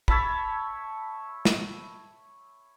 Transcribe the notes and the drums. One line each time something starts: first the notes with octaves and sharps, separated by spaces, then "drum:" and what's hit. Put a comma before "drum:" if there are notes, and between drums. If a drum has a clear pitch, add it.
C#5 E5 A5 B5, drum: kick
drum: snare